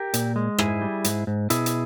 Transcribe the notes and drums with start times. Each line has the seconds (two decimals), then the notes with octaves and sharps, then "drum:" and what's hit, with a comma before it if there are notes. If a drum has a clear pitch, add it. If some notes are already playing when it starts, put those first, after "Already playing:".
Already playing: G4 A#4
0.14 A#2, drum: hi-hat
0.36 G#3
0.58 G#2 E4 G#4, drum: rim click
0.81 G3
1.04 G#2, drum: hi-hat
1.27 G#2
1.50 B2 E4 G#4, drum: hi-hat
1.66 drum: hi-hat